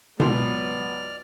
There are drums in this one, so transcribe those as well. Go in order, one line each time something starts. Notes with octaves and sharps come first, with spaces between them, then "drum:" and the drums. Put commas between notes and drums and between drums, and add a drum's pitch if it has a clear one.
G#1 C#2 F#3 B3 D5 C6 F6, drum: tom B2